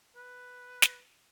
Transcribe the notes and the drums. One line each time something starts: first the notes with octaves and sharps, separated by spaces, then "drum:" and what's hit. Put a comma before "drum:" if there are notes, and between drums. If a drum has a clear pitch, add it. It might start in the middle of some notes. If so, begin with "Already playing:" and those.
B4
drum: snare